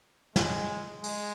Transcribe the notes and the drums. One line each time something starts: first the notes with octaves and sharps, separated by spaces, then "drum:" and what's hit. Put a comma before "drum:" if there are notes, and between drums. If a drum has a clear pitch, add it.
G#3, drum: snare
G#3, drum: open hi-hat